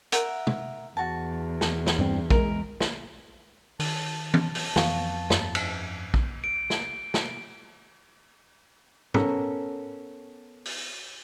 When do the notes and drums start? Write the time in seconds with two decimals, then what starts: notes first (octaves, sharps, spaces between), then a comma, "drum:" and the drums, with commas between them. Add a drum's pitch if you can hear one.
0.12 A#4 E5 F#5, drum: hi-hat
0.47 drum: tom
0.97 E2 F#4 A5
1.61 drum: snare
1.86 drum: snare
1.99 G2 G3 C4
2.30 G#3 A#4, drum: kick
2.80 drum: snare
3.80 D#3 A5, drum: open hi-hat
4.34 drum: tom
4.55 drum: open hi-hat
4.76 F2 E3 B3 F5 C#6, drum: snare
5.30 G2, drum: snare
5.55 drum: cymbal
6.14 drum: kick
6.44 D7
6.70 drum: snare
7.14 drum: snare
9.14 B3 C#4 A4 A#4, drum: tom
10.65 drum: open hi-hat